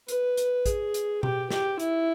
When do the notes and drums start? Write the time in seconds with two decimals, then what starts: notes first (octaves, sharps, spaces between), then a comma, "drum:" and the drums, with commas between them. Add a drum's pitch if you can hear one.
0.08 B4, drum: hi-hat
0.37 drum: hi-hat
0.66 G#4, drum: kick A1, hi-hat
0.94 drum: hi-hat
1.23 G4, drum: tom B2
1.50 G4, drum: snare
1.79 E4, drum: hi-hat